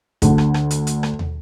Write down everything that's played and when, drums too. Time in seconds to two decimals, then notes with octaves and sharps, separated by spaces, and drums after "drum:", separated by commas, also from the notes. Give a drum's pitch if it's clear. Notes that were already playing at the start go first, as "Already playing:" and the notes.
0.22 D2 D3, drum: kick, hi-hat
0.38 drum: rim click
0.54 drum: rim click
0.71 drum: hi-hat
0.87 drum: hi-hat
1.03 drum: rim click
1.19 drum: tom